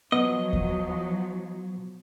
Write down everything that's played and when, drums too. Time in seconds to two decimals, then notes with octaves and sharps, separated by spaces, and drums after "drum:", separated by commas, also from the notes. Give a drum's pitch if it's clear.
0.12 F3 F#3 B3 D#5
0.53 drum: kick D#2